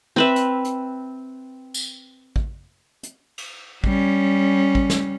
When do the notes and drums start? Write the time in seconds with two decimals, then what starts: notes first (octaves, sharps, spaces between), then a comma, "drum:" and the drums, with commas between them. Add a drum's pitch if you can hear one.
0.16 C4 B4 E5
0.36 drum: hi-hat
0.64 drum: hi-hat
1.74 drum: tambourine
2.36 drum: kick
3.03 drum: hi-hat
3.38 drum: cymbal
3.84 G3 C#4, drum: kick
4.75 drum: kick
4.90 drum: snare